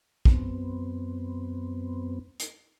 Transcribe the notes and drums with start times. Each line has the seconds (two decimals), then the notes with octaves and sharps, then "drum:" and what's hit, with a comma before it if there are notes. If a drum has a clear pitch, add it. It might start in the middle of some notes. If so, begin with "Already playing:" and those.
0.25 F#2 B3 C4, drum: kick
2.40 drum: hi-hat